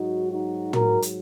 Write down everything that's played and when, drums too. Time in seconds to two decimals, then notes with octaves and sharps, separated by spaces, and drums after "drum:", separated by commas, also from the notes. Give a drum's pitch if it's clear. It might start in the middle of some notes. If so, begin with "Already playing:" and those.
Already playing: G#2 F#3 D#4 F#4
0.30 D#4 F#4
0.73 F#4 A#4, drum: tom
1.02 drum: hi-hat